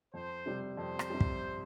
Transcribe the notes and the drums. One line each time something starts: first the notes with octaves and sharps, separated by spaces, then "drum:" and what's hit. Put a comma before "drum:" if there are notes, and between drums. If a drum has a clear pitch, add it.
F2 C5
C3 G3
F2 C5
drum: rim click
C3 G3
drum: kick